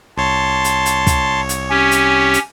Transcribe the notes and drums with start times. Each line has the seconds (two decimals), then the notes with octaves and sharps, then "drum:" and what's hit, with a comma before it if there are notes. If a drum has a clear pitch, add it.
0.18 C2 C#5 A5 C6
0.64 drum: hi-hat
0.86 drum: hi-hat
1.07 drum: kick, hi-hat
1.49 drum: hi-hat
1.70 C#4 G4 G#5
1.91 drum: hi-hat
2.34 drum: hi-hat